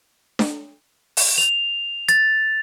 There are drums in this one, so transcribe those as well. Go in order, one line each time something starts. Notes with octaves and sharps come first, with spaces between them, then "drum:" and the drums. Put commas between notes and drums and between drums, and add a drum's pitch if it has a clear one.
drum: snare D4
drum: open hi-hat
F7
A6, drum: hi-hat